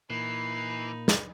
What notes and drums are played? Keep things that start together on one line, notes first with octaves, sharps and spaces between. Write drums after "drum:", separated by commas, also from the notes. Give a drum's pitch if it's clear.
A#2 E3 A#3 D#4 B5 C7
drum: snare